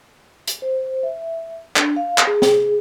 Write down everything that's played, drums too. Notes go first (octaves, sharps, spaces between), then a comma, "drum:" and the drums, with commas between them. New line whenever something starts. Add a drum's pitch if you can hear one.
drum: hi-hat
C5
E5
D4, drum: clap
F5
drum: clap
G#4
drum: snare